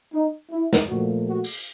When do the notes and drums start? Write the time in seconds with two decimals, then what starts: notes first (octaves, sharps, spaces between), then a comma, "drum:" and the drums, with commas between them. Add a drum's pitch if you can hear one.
0.13 D#4
0.51 E4
0.73 drum: snare
0.89 A#2 F3 A3 F#4
1.27 F#4
1.44 drum: open hi-hat